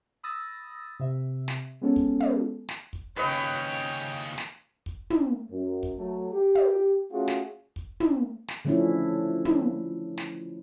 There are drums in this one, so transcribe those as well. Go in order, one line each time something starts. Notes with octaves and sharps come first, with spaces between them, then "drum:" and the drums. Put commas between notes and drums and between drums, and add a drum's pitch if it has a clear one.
B5 D#6 E6 A6 A#6
C3 E5
drum: snare
G#3 B3 C#4 A4
drum: kick
drum: tom
drum: snare
drum: kick
D#2 C#3 B4 C#5 D#5 G5
drum: snare
drum: kick
drum: tom
F#2
drum: kick
F#3 A3
G4
drum: tom
A3 C#4 F4 F#4 G#4
drum: snare
drum: kick
drum: tom
drum: snare
D3 F3 A3 C#4 D4 E4
drum: tom
drum: snare